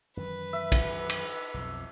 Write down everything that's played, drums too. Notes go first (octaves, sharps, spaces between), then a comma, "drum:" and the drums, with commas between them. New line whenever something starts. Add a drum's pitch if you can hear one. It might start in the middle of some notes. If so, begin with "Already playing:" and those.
F#2 D#3 E3 B4
E5
drum: kick, cymbal
drum: cymbal
B1 F2 B2